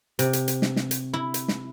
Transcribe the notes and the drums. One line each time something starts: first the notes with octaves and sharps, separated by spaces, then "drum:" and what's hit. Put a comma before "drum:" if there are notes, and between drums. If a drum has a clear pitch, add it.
C3, drum: hi-hat
drum: hi-hat
drum: hi-hat
drum: snare
drum: snare
drum: hi-hat
E4
drum: hi-hat
drum: snare